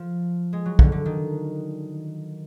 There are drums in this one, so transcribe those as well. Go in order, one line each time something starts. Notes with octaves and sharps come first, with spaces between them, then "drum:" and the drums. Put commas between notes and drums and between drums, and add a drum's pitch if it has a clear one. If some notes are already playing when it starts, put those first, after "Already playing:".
Already playing: F3
G#3
F#3
D3, drum: kick
D3
D#3